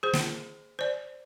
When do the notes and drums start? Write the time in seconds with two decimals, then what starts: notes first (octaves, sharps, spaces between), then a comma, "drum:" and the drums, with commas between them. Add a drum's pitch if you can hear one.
0.03 G#4 C5
0.13 drum: snare
0.79 C5 D5